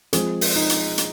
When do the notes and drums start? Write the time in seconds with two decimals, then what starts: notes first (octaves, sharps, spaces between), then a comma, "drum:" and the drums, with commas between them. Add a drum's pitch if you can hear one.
0.13 F3 G#3 C4 G#4, drum: hi-hat
0.41 drum: open hi-hat
0.56 D#4
0.69 drum: hi-hat
0.98 drum: hi-hat